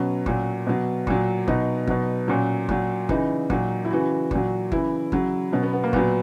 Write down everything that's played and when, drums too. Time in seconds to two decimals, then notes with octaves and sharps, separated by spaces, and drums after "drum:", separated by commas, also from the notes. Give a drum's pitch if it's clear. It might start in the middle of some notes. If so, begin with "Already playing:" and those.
Already playing: B2 F#3 C#4
0.26 A#2 F#3, drum: kick G1
0.67 B2 F#3
1.07 A#2 F#3, drum: kick G1
1.48 B2 F#3 D#4, drum: kick G1
1.87 B2 F#3, drum: kick G1
2.28 A#2 F#3 C#4
2.69 A#2 F#3, drum: kick G1
3.09 C#3 E3 D#4, drum: kick G1
3.50 A#2 F#3, drum: kick G1
3.85 E4
3.90 C#3 E3 F#4
4.31 A#2 F#3, drum: kick G1
4.72 C#3 E3 E4, drum: kick G1
5.12 C#3 F#3, drum: kick G1
5.52 B2 F#3 C#4
5.63 B3
5.73 B3
5.84 A#3
5.93 A#2 F#3 B3, drum: kick G1